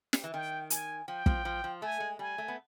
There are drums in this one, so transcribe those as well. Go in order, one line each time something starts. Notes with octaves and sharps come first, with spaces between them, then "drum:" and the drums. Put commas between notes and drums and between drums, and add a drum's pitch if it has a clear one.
drum: snare
E3
D#3 G5
G#5, drum: hi-hat
F3 G5
F3, drum: kick
F3
F3
A3 G#5
G#3
G3 G#5
A3
B3